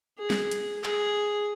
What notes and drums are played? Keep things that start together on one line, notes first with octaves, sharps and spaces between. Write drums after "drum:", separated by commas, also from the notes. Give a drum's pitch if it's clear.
G#4
drum: snare
drum: hi-hat
G#4, drum: clap